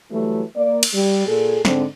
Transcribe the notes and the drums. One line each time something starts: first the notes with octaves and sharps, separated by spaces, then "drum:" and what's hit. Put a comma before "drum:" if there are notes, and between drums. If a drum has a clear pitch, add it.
E3 F#3 G3 A3
A#3 D5
drum: cymbal
G3
A#2 G#4 A4
G#2 D3 C4, drum: snare